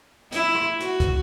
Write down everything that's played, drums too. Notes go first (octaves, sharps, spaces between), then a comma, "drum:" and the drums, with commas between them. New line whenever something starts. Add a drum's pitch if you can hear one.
E4, drum: hi-hat
drum: rim click
F#4, drum: hi-hat
drum: kick, hi-hat